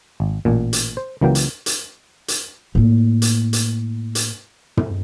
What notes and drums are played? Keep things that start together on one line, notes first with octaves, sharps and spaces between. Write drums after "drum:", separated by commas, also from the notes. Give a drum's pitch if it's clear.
G#1
A1 A#2
drum: hi-hat
C5
C#2 E3 F#3 A#3 G5
drum: hi-hat
drum: hi-hat
drum: hi-hat
A2 A#3
drum: hi-hat
drum: hi-hat
drum: hi-hat
drum: tom